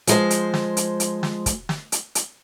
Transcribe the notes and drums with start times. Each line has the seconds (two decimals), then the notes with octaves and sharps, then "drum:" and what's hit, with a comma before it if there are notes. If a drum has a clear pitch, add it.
0.07 F3 G#3 C5, drum: hi-hat
0.30 drum: hi-hat
0.54 drum: snare
0.77 drum: hi-hat
1.00 drum: hi-hat
1.23 drum: snare
1.46 drum: kick, hi-hat
1.69 drum: snare
1.92 drum: hi-hat
2.15 drum: hi-hat